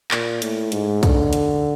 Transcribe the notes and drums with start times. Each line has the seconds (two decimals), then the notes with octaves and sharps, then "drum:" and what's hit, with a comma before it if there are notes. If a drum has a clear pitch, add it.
0.11 A#2, drum: clap
0.42 A2, drum: hi-hat
0.72 G#2, drum: hi-hat
1.03 D3, drum: kick, hi-hat
1.33 drum: hi-hat